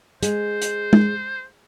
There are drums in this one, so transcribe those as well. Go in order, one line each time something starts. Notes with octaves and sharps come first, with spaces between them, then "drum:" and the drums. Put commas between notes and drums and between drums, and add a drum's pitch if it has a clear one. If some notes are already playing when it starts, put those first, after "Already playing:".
G#3 C5, drum: hi-hat
drum: hi-hat
drum: tom G#3